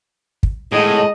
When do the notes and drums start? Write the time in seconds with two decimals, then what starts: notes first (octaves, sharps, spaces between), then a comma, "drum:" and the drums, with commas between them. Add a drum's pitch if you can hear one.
0.43 drum: kick
0.72 A2 G#3 D#5